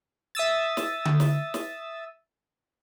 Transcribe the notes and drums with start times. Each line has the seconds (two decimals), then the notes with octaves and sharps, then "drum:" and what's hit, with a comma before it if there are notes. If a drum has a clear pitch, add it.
0.35 E5 D#6 E6 A6
0.77 drum: snare
1.05 drum: tom D3
1.20 drum: snare
1.54 drum: snare